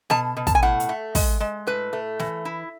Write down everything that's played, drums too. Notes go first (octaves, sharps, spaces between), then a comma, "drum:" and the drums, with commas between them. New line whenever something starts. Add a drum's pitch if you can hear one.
B2 A5, drum: snare
B2
A5, drum: kick, hi-hat
G#5
A2 F#5
drum: hi-hat
A3
G#3, drum: kick, open hi-hat
G#3
A2 B4
A3
E3, drum: snare
E4